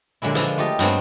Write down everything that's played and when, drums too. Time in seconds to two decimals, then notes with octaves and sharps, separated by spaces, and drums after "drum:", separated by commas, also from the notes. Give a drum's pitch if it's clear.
0.22 A#2 D3 F#3 G#3 E4
0.35 F3 B4, drum: hi-hat
0.58 A3 F4 G4 D#5
0.79 G2 F#3 G#3 B3 C4, drum: hi-hat